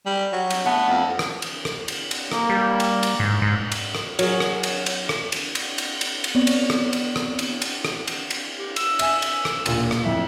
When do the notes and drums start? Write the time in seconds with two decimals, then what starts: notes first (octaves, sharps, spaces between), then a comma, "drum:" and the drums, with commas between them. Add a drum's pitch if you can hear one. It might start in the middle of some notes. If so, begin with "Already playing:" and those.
0.06 G3
0.33 F#3
0.50 drum: cymbal
0.66 A3 B3 F#5
0.89 F2
1.19 drum: rim click
1.42 drum: cymbal
1.65 drum: rim click
1.88 drum: cymbal
2.11 drum: cymbal
2.32 A#3, drum: rim click
2.49 G3
2.80 drum: cymbal
3.03 drum: cymbal
3.20 G#2
3.42 G#2
3.72 drum: cymbal
3.95 drum: rim click
4.19 F#3 G#4 A#4 C#5, drum: cymbal
4.40 drum: rim click
4.63 drum: cymbal
4.86 drum: cymbal
5.09 drum: rim click
5.32 drum: cymbal
5.55 drum: cymbal
5.78 drum: cymbal
6.01 drum: cymbal
6.24 drum: cymbal
6.35 B3 C4 C#5 D5
6.47 drum: cymbal
6.70 drum: rim click
6.93 drum: cymbal
7.16 drum: rim click
7.39 drum: cymbal
7.62 drum: cymbal
7.85 drum: rim click
8.08 drum: cymbal
8.30 drum: cymbal
8.58 G4
8.76 E6, drum: cymbal
8.99 E5 G#5, drum: cymbal
9.22 drum: cymbal
9.45 drum: rim click
9.66 E1 A#2 A#3, drum: cymbal
9.91 drum: rim click
10.03 F2 A2 E5